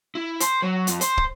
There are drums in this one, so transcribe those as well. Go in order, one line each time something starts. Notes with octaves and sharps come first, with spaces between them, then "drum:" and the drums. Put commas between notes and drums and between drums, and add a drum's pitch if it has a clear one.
E4
C5, drum: hi-hat
F#3
F2, drum: hi-hat
C5, drum: hi-hat
drum: kick